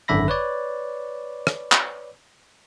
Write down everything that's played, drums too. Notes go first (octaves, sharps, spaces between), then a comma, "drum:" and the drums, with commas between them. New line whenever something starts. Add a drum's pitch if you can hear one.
G#1 F#2 D3 E5 B5 A#6
B4 C#5 D5
drum: rim click
drum: clap